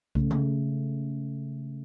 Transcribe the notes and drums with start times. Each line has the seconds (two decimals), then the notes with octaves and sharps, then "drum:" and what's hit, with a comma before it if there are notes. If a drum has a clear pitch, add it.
0.15 C#3 A3, drum: kick C2
0.31 drum: tom C#3